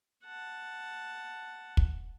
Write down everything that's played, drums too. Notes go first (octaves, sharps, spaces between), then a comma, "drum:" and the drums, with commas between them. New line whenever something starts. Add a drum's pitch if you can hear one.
F#5 A5
drum: kick